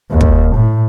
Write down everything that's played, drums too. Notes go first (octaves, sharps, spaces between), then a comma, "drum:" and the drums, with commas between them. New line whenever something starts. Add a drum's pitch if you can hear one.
D#2
drum: kick
A2